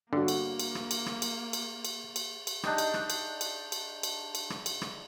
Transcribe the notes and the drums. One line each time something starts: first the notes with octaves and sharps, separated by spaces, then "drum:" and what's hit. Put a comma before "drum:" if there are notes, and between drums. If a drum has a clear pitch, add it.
G2 D3 A#3 D4 F#4
drum: cymbal
drum: cymbal
drum: rim click
drum: cymbal
drum: rim click
drum: cymbal
drum: cymbal
drum: cymbal
drum: cymbal
drum: cymbal
D4 D#4 G4, drum: rim click
drum: cymbal
drum: rim click
drum: cymbal
drum: cymbal
drum: cymbal
drum: cymbal
drum: cymbal
drum: rim click
drum: cymbal
drum: rim click